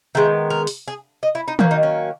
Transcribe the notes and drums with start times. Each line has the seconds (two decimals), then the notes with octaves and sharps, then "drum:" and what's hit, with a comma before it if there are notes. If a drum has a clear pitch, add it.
0.15 D#3 G#3 B3 E5
0.50 A#4
0.67 drum: open hi-hat
0.88 G#4
1.23 D#5
1.35 E4
1.48 D#4
1.59 D#3 F#3 A#3 C#4, drum: tom D#3
1.71 D#4
1.83 C#4